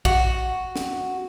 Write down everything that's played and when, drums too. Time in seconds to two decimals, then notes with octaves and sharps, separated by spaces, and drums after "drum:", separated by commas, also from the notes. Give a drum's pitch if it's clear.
0.05 F#4, drum: kick
0.76 drum: snare